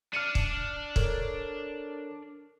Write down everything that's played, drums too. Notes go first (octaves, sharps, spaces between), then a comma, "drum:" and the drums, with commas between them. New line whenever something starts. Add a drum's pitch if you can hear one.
D4 D5 F6 C#7 D#7
drum: kick
A4 A#4 C#5, drum: kick